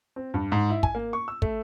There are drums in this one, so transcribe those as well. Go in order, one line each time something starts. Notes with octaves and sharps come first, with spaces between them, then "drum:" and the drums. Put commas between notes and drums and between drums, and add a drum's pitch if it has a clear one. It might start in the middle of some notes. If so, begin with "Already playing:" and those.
C4
G2
G#2
E4
G#5, drum: kick
A#3
C#6
E6
A3, drum: kick